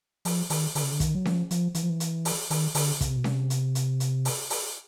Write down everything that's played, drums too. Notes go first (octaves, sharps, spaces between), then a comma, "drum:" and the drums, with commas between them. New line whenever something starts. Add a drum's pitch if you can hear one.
F3, drum: open hi-hat
D#3, drum: open hi-hat
D3, drum: open hi-hat
C#3
D3
D#3, drum: kick, hi-hat
F#3
F3, drum: snare C#4
F3, drum: hi-hat
E3, drum: hi-hat
F3
E3
drum: hi-hat
drum: open hi-hat
D#3, drum: open hi-hat
D3, drum: open hi-hat
C#3, drum: kick, hi-hat
C3
B2
C3, drum: snare C#4
drum: hi-hat
drum: hi-hat
drum: hi-hat
drum: open hi-hat
drum: open hi-hat